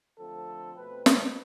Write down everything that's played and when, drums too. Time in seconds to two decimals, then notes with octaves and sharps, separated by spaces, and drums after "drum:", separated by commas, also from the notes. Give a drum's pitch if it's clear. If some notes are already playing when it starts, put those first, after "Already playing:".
0.18 D3 F3 A3 C4 A4
0.76 B2 A3 C4 B4
1.06 B4, drum: snare